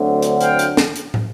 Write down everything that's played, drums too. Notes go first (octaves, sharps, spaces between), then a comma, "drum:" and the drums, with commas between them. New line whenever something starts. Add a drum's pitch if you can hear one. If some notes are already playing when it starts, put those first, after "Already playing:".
Already playing: D2 D3 F#3 A3 C4
drum: hi-hat
F5 G5, drum: hi-hat
drum: hi-hat
drum: snare
drum: hi-hat
drum: tom